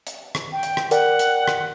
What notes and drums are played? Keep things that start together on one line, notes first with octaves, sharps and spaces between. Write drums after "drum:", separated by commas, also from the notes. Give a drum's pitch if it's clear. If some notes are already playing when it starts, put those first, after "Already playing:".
drum: hi-hat
drum: rim click
G5
drum: hi-hat
drum: rim click
A#4 D5 F#5 G5, drum: hi-hat
drum: hi-hat
drum: rim click